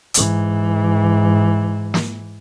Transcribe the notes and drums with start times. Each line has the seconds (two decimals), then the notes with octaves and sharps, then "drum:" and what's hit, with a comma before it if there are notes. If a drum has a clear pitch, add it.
0.14 G#2 E3, drum: hi-hat
1.94 drum: snare